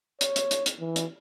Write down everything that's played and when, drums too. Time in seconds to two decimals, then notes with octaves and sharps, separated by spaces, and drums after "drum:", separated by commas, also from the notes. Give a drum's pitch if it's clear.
0.21 C#5, drum: hi-hat
0.36 drum: hi-hat
0.51 drum: hi-hat
0.66 drum: hi-hat
0.80 E3
0.96 drum: hi-hat